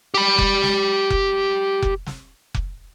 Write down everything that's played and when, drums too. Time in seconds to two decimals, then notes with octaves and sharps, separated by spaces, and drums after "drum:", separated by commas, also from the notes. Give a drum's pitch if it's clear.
0.14 G4 B5
0.38 drum: kick F1
0.62 drum: snare
1.10 drum: kick F1
1.82 drum: kick F1
2.06 drum: snare
2.54 drum: kick F1